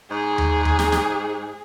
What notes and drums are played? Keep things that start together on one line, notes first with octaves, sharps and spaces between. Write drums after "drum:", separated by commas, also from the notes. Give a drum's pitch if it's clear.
G#2 G#4
drum: tom D#2
drum: tom D#2
drum: snare
drum: snare